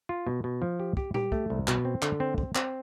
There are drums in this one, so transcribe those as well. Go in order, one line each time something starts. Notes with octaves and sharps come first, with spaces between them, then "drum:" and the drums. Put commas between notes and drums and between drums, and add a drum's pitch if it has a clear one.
F4
B2
B2
F3
G4
G4, drum: kick
G4, drum: tom A#2
A3, drum: kick
C2
B2, drum: clap
C4
D3, drum: clap
C4
C4, drum: kick
C4, drum: clap